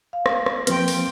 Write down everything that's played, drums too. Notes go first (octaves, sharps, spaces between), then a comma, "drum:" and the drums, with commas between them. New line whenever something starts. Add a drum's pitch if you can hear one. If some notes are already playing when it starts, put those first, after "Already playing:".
F5
drum: rim click
drum: rim click
F3 A#3 C4 G4 B4 G5 C6, drum: hi-hat
drum: open hi-hat